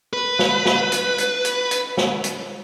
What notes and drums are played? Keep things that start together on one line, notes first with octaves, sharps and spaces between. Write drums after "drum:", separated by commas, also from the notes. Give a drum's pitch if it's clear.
B4
drum: snare
drum: snare
drum: hi-hat
drum: hi-hat
drum: hi-hat
drum: hi-hat
drum: snare
drum: hi-hat